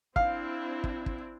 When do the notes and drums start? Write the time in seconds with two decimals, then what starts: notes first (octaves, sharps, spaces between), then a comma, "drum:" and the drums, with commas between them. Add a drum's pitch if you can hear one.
0.16 C4 D4 E4 F5, drum: kick
0.84 drum: kick
1.06 drum: kick